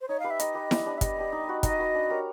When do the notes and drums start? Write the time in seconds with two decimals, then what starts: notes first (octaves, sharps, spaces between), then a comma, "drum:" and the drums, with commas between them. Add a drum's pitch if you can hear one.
0.01 C5
0.08 D#4 C#5
0.20 G4 B4 F5
0.30 E5
0.40 D#4 D#5, drum: hi-hat
0.55 G4 B4
0.71 G3, drum: snare E4
0.86 B3 D4 G4
0.98 E5
1.01 G3 D#5, drum: kick, hi-hat
1.17 B3 D4 G4
1.32 D#4
1.47 F#4 B4
1.63 D#4 D#5, drum: kick, hi-hat
1.79 F#4 B4
1.94 D4
2.09 G4 A#4 C#5